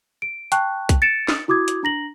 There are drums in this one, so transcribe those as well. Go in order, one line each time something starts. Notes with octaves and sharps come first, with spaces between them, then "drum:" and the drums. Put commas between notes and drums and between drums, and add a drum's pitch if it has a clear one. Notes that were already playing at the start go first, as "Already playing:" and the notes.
D7
G5 A5 C#6 F#6, drum: hi-hat
drum: kick B1, hi-hat
A6 C#7 D7 E7
drum: snare
E4 F#4 D6 D#6 G#6
drum: hi-hat
D4 A#5 A#6 F#7